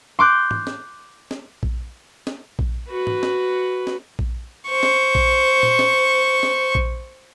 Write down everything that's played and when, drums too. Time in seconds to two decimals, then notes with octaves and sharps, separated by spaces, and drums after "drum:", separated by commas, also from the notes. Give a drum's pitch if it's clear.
0.19 C6 D6 F#6 G6
0.51 drum: tom
0.67 drum: snare
1.31 drum: snare
1.63 drum: kick A#1
2.27 drum: snare
2.59 drum: kick A#1
2.89 F#4 B4
3.07 drum: tom
3.23 drum: snare
3.87 drum: snare
4.19 drum: kick A#1
4.69 C5 C#6
4.83 drum: snare
5.15 drum: kick A#1
5.63 drum: tom A#2
5.79 drum: snare
6.43 drum: snare
6.75 drum: kick A#1